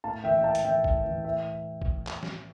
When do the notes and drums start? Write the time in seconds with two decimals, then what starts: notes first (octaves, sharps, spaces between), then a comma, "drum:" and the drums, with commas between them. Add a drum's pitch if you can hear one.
0.04 A2 F5 A5
0.24 E3 E5 G5
0.38 G5
0.44 A2 F5 A5
0.55 drum: hi-hat
0.64 E3 E5 G5
0.84 A2, drum: kick
1.05 E3
1.24 A2 E5 G5
1.82 drum: kick
2.07 drum: clap
2.23 drum: snare